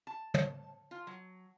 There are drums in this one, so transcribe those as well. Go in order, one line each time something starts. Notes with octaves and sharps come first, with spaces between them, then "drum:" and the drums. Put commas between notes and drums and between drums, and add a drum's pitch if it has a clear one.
A5
drum: tom
F4
F#3